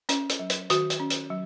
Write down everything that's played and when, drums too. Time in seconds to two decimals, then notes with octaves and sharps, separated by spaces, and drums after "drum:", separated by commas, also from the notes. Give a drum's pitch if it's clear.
0.09 C#4, drum: hi-hat
0.29 drum: hi-hat
0.39 F#3
0.50 drum: hi-hat
0.70 D#3 F#4, drum: hi-hat
0.90 drum: hi-hat
1.00 C#4
1.10 drum: hi-hat
1.30 F#3